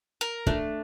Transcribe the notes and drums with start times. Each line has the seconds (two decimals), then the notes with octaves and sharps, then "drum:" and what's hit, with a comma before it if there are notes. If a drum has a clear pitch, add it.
0.21 A#4
0.47 A3 D4, drum: kick